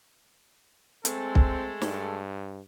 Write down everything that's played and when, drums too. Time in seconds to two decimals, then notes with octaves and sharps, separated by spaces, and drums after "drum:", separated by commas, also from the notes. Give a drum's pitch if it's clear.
1.05 G#3 A3 C4 A4, drum: hi-hat
1.35 drum: kick B1
1.82 G2, drum: snare